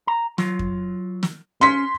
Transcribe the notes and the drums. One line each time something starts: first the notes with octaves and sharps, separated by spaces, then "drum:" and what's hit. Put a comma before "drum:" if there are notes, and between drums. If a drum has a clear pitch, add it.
A#5
F#3 F4, drum: snare
drum: kick F2
drum: snare
C#4 C6 B6